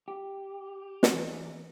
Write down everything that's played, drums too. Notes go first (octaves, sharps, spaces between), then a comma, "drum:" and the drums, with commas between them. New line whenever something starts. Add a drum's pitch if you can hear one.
G4
drum: snare
E2